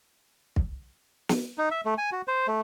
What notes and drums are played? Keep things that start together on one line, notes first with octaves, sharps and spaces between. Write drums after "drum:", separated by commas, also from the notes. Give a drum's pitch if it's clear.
drum: kick
drum: snare
D#4
E5
A3
G#5
F#4
C5
A3